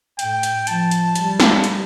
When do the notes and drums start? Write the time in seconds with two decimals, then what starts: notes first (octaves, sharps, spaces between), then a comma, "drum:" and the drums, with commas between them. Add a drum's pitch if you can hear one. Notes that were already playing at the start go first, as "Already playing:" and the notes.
0.19 A2 G5, drum: hi-hat
0.43 drum: hi-hat
0.67 F3 A5, drum: hi-hat
0.91 drum: hi-hat
1.15 G3, drum: hi-hat
1.40 drum: snare
1.64 drum: hi-hat